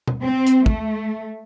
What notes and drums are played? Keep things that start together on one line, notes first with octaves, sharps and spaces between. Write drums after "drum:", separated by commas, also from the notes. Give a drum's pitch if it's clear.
drum: tom B2
C4
drum: hi-hat
A3, drum: kick